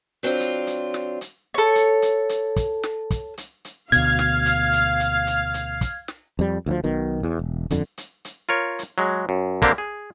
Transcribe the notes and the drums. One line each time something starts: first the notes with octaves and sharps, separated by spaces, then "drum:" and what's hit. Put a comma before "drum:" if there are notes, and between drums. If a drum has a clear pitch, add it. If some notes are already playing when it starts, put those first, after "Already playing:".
F#3 C4 D4 F4
drum: hi-hat
drum: hi-hat
drum: snare
drum: hi-hat
A4 C#5
drum: hi-hat
drum: hi-hat
drum: hi-hat
drum: kick, hi-hat
drum: snare
drum: kick, hi-hat
drum: hi-hat
drum: hi-hat
D2 B2 F5 G#6, drum: hi-hat
drum: snare
drum: hi-hat
drum: hi-hat
drum: hi-hat
drum: hi-hat
drum: hi-hat
drum: kick, hi-hat
drum: snare
F2 G3
D2 E3 F3
B1 B2 D#3
E2
E1
D#1 F2 D3, drum: hi-hat
drum: hi-hat
drum: hi-hat
F4 A#4 C#5
drum: hi-hat
F#3 G#3
F#2
D3 A#3 C4 D4 G4, drum: kick, hi-hat
G#4